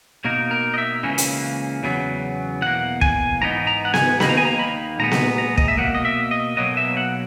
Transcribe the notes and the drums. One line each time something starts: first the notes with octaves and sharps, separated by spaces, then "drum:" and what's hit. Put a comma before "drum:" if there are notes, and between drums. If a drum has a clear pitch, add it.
B2 A#3 D#4 A#4
A#4
D#5
E5
C#2 C#3 E3 A#3 C#4
drum: hi-hat
E2 C#3 F#3 B3
E2 B2 A#3 F#5
G#5, drum: kick
G#2 E3 B3 D#4 A#5
A#5
F#5
G#5, drum: snare B3
D#2 D#3 A#3 D#4 B5, drum: snare B3
A#5
G#5
A#5
B5
A#2 G#3 B3 A#5
drum: snare B3
A#5
D#5, drum: kick
E5
B2 F#3 A#3 F#5
D#5
E5
D#5
B1 B2 F#3 A#3 D#5
E5
F#5